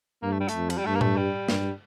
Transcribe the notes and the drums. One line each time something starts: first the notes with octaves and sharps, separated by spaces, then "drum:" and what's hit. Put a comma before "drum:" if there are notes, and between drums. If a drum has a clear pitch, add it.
G2 A#3
A3
G3
A3, drum: hi-hat
F2
F3, drum: cymbal
G3
G2 A3
A#3
A3, drum: tom A2
G3
G2, drum: snare